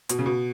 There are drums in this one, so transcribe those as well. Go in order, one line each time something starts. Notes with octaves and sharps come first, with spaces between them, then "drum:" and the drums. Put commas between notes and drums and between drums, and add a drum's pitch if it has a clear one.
B2, drum: hi-hat
C#3
B2